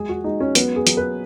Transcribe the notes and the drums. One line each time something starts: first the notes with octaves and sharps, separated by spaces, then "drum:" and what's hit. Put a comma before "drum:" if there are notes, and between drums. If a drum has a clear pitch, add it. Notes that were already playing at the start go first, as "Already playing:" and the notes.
Already playing: F#3 G#3 G#4
F#4
G#3 D#4
C#4
F#3 B3, drum: hi-hat
G#4
F#3, drum: hi-hat
B4